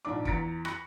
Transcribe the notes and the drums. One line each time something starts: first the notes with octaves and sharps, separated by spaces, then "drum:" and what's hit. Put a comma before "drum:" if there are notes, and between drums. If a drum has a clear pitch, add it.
A#1 G#2 D4 D6
E2 A#5 A6 B6 C#7 D7, drum: kick F#1
B5 C#6 F#6 A#6 C#7, drum: rim click